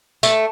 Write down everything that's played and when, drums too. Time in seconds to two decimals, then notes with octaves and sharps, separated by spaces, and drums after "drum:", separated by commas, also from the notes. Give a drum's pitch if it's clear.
0.23 A3, drum: tambourine